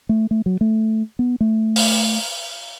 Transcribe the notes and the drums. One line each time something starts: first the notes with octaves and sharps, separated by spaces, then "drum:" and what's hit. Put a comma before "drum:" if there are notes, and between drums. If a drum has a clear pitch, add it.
A3
A3
F#3
A3
B3
A3
drum: open hi-hat